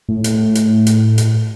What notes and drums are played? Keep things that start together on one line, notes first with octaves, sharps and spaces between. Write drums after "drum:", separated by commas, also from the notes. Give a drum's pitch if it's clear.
A2
A2, drum: hi-hat
drum: hi-hat
drum: hi-hat
drum: hi-hat